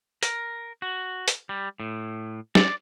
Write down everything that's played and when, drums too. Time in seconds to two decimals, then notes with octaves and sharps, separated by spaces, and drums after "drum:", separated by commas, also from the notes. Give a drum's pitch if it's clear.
0.23 A#4, drum: hi-hat
0.82 F#4
1.28 drum: hi-hat
1.49 G3
1.80 A2
2.55 D5, drum: snare